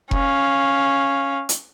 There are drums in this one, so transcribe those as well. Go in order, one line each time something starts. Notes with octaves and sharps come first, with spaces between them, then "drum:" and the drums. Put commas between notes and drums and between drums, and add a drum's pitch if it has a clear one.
C#4 F5, drum: kick F1
drum: hi-hat